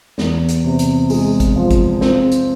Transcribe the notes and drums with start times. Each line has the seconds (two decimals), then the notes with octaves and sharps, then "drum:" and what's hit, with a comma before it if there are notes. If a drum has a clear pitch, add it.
0.18 E2, drum: snare
0.49 drum: hi-hat
0.64 C3
0.79 drum: hi-hat
1.10 G#3, drum: open hi-hat
1.40 drum: kick, hi-hat
1.56 F3
1.71 drum: kick, hi-hat
2.01 C4, drum: snare
2.32 drum: hi-hat